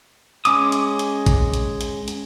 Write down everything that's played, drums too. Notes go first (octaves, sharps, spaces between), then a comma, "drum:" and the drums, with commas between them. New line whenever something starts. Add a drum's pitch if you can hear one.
G#3 C#4 D6 D#6, drum: hi-hat
drum: hi-hat
drum: hi-hat
drum: kick, hi-hat
drum: hi-hat
drum: hi-hat
drum: hi-hat